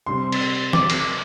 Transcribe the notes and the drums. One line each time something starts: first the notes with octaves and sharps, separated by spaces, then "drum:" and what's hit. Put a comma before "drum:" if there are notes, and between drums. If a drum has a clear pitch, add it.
C3 G3 C4 C6
drum: cymbal
D6, drum: snare
drum: cymbal